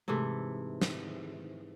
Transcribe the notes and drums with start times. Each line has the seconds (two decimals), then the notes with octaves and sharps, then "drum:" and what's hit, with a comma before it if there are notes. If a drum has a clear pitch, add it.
0.08 G#2 C3 E3 A3
0.82 drum: snare